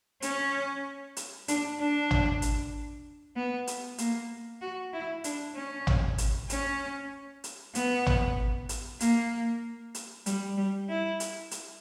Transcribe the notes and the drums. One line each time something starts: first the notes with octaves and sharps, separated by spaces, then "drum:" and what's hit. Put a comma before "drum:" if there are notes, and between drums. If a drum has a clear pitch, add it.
C#4, drum: hi-hat
drum: hi-hat
D4, drum: hi-hat
D4
drum: tom
drum: hi-hat
B3
drum: hi-hat
A#3, drum: hi-hat
F#4
E4
D4, drum: hi-hat
C#4
drum: tom
drum: hi-hat
C#4, drum: hi-hat
drum: hi-hat
B3, drum: hi-hat
drum: tom
drum: hi-hat
A#3, drum: hi-hat
drum: hi-hat
G3, drum: hi-hat
G3
E4
drum: hi-hat
drum: hi-hat